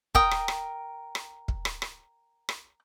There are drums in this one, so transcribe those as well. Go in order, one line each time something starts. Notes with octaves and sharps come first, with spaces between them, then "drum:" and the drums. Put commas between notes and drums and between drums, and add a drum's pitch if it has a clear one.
A#4 G5 D#6, drum: kick
drum: rim click
drum: rim click
drum: rim click
drum: kick
drum: rim click
drum: rim click
drum: rim click